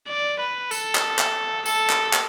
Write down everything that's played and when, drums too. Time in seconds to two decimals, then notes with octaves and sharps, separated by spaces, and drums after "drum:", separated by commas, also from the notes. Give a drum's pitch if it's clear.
0.09 D5
0.39 B4
0.71 A4, drum: tambourine
0.95 drum: clap
1.19 drum: clap
1.66 A4, drum: tambourine
1.90 drum: clap
2.13 drum: clap